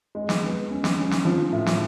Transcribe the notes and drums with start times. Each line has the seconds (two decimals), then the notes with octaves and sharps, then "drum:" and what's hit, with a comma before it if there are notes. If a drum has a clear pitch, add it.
0.15 G#3
0.29 drum: snare
0.42 B3
0.70 C#4
0.84 drum: snare
0.97 C#4
1.11 drum: snare
1.25 F3
1.52 A2
1.66 drum: snare